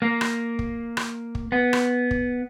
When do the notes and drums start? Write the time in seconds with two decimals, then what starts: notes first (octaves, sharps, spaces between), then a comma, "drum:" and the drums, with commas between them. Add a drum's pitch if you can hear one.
0.02 A#3
0.21 drum: rim click
0.59 drum: kick
0.97 drum: rim click
1.35 drum: kick
1.52 B3
1.73 drum: rim click
2.11 drum: kick